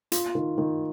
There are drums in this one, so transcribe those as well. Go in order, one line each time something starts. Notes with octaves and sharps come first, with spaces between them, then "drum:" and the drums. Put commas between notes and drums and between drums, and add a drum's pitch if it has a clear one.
F4, drum: hi-hat
D#3
D#3